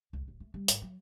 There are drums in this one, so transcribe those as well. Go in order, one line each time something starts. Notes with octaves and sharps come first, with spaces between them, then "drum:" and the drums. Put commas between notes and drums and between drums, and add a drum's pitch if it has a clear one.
C#2
D1
A3
G3
G#1, drum: hi-hat
F#3